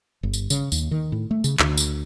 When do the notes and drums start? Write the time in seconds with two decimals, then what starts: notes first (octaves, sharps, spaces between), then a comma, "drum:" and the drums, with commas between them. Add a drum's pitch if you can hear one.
0.23 G1
0.33 drum: tambourine
0.50 C#3, drum: tambourine
0.72 D#2, drum: tambourine
0.91 D#3
1.12 A2
1.31 A3
1.44 C#3, drum: tambourine
1.59 D2, drum: clap
1.77 drum: tambourine